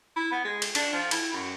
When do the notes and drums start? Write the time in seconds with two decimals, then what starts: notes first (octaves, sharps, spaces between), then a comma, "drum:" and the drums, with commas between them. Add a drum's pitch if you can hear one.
0.16 E4
0.31 B3
0.45 G#3
0.62 drum: cymbal
0.75 D4, drum: cymbal
0.93 F3
1.11 E4, drum: cymbal
1.33 F#2